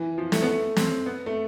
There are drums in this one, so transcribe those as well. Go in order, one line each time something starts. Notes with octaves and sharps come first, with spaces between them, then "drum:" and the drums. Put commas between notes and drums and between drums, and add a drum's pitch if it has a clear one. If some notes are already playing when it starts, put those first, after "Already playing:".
Already playing: E3
F3
A3, drum: snare
B3
A3
C4, drum: snare
B3
A3